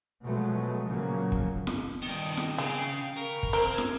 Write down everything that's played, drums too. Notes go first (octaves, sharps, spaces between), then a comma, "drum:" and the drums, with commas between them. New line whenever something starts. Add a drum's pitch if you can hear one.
B2 F3 F#3 G#3 A3 B3
A#2 C#3 F3 F#3 A#3
drum: kick
drum: snare
G2 D#3 D#5 G5
drum: snare
C#3 G#4 F5 G5
A#4 B5 C#6
drum: kick
C4 A#4 G#6 F7
drum: snare